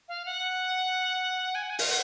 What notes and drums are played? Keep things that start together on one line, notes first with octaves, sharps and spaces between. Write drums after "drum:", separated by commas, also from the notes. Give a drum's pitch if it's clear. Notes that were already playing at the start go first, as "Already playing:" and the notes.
F5
F#5
G#5
F#5
G#5
F5, drum: open hi-hat
F#5